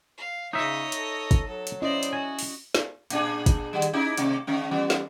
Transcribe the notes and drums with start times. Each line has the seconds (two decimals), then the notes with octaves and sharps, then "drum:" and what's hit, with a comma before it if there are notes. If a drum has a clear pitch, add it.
0.18 F5
0.53 C#3 D#4 C#5 D#5 E5
0.92 A4, drum: hi-hat
1.31 drum: kick, hi-hat
1.48 F#3 A4
1.67 drum: hi-hat
1.82 C#4 E4 C5 D5 D#5
2.03 drum: hi-hat
2.13 F#4 G#5
2.39 drum: open hi-hat
2.75 drum: snare
3.10 A#2 D4 G#4, drum: hi-hat
3.46 drum: kick, hi-hat
3.73 D#3 G3
3.82 drum: hi-hat
3.93 C#4 D#4 E4
4.17 C3 G#3 A#3, drum: hi-hat
4.47 D3 G#3 C#4
4.71 E3 G3 B3
4.90 drum: snare